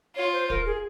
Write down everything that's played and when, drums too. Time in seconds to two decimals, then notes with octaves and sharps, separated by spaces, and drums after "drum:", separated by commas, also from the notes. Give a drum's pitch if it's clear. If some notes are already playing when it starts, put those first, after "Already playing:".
0.16 F4 C#5
0.33 C5
0.50 A#4, drum: kick
0.66 G#4